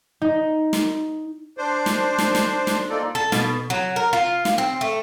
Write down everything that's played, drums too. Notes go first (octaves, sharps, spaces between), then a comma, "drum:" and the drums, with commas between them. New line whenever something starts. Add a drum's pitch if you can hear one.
D#4
drum: snare
D4 C5
drum: snare
drum: snare
drum: snare
drum: snare
A#3 D#4 F4 A4 D5
A4
B2, drum: snare
F#3
A#4
F4
drum: snare
C4
A3